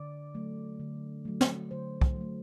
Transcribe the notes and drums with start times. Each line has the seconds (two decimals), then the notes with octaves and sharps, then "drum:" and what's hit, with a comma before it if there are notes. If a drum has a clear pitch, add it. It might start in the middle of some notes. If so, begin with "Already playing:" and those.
Already playing: D3 D5
0.35 F#3 A3
0.80 D3
1.25 F#3 A3
1.41 drum: snare
1.71 D3 C5
2.01 drum: kick
2.16 F#3 A3